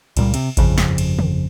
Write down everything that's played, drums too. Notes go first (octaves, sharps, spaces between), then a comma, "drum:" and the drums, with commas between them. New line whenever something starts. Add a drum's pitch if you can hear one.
C#2 A#2 G3, drum: cymbal
C3, drum: cymbal
G1 F2 C#3, drum: kick A1, cymbal
drum: snare
drum: cymbal
drum: tom